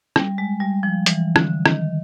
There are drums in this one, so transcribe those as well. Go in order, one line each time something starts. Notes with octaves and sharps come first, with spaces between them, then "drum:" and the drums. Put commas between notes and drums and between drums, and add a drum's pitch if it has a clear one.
G3, drum: rim click
G#3
G3
F3
E3, drum: hi-hat
D3, drum: rim click
D#3, drum: rim click